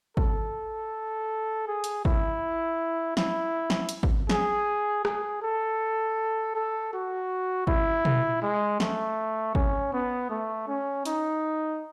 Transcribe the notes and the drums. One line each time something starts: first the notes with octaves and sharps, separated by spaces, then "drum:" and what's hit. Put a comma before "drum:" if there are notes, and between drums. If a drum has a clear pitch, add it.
A4, drum: kick G#1
G#4
drum: hi-hat
E4, drum: kick G#1
E4, drum: snare
drum: snare
drum: hi-hat
drum: kick G#1
G#4, drum: snare
G#4, drum: rim click
A4
A4
F#4
E4, drum: kick G#1
drum: tom
G#3
A3, drum: snare
C#4, drum: kick G#1
B3
A3
C#4
D#4, drum: hi-hat